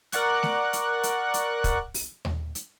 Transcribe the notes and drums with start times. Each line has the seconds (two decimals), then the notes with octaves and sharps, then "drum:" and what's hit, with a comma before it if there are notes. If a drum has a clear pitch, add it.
0.12 A#4 D5 F#5 C#6 F#6, drum: hi-hat
0.43 drum: snare A3
0.73 drum: hi-hat
1.03 drum: hi-hat
1.34 drum: hi-hat
1.64 drum: kick, hi-hat
1.94 drum: open hi-hat
2.25 drum: tom D#2
2.55 drum: hi-hat